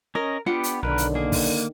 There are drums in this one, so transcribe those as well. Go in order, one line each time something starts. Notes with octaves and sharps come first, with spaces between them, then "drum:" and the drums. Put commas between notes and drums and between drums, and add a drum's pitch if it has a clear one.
C#4 A#4 D#5
B3 D4 F4 G4 F#5
drum: hi-hat
B1 D3 D#3 A#4 B4
drum: hi-hat
A#3 G#4
drum: kick, open hi-hat